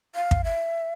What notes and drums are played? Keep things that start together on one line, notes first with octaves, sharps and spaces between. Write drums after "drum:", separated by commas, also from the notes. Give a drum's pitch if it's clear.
F5
drum: kick
E5